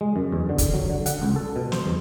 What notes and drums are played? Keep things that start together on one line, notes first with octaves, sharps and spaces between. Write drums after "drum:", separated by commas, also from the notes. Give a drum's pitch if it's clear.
G#3
F#2
E2
D3
drum: kick, hi-hat
F#3
D3
F#5, drum: hi-hat
C#2
A4
B2
C5, drum: snare
E2